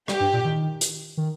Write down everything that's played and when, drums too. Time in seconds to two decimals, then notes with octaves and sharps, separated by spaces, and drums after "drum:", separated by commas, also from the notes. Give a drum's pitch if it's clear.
0.08 G3 G4, drum: rim click
0.20 G2
0.33 A#2
0.45 D#3
0.81 drum: hi-hat
1.17 D#3